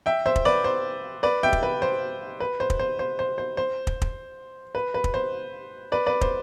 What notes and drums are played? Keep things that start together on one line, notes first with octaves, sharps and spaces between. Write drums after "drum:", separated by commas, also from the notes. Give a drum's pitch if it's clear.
E5 G5
C5 E5
drum: kick
B4 D5
C5
B4 D5
E5 G5
drum: kick
B4
C5
B4
C5
drum: kick
C5
C5
C5
C5
C5
drum: kick
drum: kick
B4
B4
drum: kick
C5
B4 D5
B4 D5
C5, drum: kick